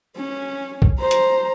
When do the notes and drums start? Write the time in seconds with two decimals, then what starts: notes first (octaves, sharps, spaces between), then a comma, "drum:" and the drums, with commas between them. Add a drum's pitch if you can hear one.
0.17 C#4
0.82 drum: kick B1
1.01 C5 A#5
1.11 drum: hi-hat